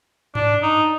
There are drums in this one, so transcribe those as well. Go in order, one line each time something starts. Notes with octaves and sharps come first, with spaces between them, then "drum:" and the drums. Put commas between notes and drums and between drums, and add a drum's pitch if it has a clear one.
D4, drum: tom G2
D#4